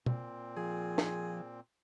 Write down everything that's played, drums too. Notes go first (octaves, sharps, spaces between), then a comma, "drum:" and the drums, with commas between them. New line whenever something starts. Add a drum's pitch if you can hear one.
A#2 C4, drum: tom
F3 G#4
drum: snare